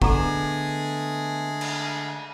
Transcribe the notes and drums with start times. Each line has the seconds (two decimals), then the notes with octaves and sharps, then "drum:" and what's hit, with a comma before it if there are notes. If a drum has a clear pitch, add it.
0.02 D3 G#3 A3 B3 G#4 A4 A#5 C#6, drum: kick
1.61 drum: cymbal